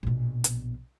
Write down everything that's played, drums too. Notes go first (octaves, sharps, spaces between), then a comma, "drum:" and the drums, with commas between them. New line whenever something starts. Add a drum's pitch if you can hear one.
A#1 B2
drum: hi-hat